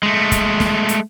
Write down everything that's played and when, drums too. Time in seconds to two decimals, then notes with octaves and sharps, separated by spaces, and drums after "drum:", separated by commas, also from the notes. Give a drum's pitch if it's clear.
0.03 G#3 A3
0.32 drum: kick, hi-hat
0.60 drum: snare
0.89 drum: hi-hat